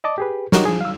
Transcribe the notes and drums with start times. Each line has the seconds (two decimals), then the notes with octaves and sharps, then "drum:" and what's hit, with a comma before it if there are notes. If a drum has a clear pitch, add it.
0.04 D5 D#5 A5 D6
0.18 G4 G#4 B4
0.52 D#4 F#4 G4 A#4 C#5, drum: snare
0.65 F3 G#4
0.81 F5 E6